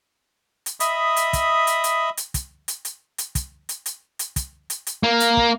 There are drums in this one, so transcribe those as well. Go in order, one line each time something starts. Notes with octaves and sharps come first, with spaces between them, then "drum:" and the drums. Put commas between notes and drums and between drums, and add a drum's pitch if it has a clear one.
drum: hi-hat
D#5 E5 B5 D#6, drum: hi-hat
drum: hi-hat
drum: kick, hi-hat
drum: hi-hat
drum: hi-hat
drum: hi-hat
drum: kick, hi-hat
drum: hi-hat
drum: hi-hat
drum: hi-hat
drum: kick, hi-hat
drum: hi-hat
drum: hi-hat
drum: hi-hat
drum: kick, hi-hat
drum: hi-hat
drum: hi-hat
A#3
drum: hi-hat
drum: kick